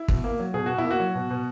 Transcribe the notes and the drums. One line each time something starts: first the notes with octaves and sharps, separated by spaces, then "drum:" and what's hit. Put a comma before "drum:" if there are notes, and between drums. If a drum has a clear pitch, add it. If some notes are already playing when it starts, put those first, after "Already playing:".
Already playing: E4
B2, drum: kick
A#3
F#3
B2 G#4
B2 F#4
E4
A#3
F#4
F#3
B2
B2